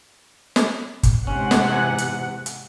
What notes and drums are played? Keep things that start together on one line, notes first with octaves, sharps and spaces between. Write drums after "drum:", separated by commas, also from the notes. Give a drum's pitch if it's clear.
drum: snare
drum: kick, hi-hat
G#2 C3 C#4 F#5
drum: snare
E2 G#5
drum: hi-hat
drum: hi-hat